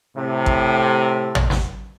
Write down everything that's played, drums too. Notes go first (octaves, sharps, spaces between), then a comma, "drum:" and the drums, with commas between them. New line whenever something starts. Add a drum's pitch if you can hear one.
A2 C3
drum: kick
drum: tom
drum: snare